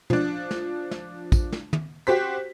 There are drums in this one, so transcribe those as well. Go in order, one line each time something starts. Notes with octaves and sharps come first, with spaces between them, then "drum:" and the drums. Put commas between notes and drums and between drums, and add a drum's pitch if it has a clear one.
F3 D4, drum: tom
drum: snare
drum: snare
drum: kick, tambourine
drum: snare
drum: tom
F#4 G4 C5 B6